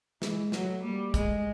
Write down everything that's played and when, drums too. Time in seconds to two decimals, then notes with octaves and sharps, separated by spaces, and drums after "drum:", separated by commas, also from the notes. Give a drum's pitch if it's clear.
0.22 E3 G#3, drum: snare
0.52 F#3 A3, drum: snare
0.83 G3 A#3
1.14 G#3 A3, drum: kick, hi-hat